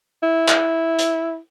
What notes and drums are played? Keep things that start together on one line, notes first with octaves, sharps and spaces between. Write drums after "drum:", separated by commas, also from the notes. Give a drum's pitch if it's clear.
E4
drum: clap
drum: hi-hat